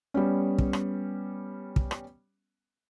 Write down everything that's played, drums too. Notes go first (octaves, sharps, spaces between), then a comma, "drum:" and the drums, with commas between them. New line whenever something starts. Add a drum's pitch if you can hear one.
G3 B3 C#4
drum: kick
drum: rim click
drum: kick
drum: rim click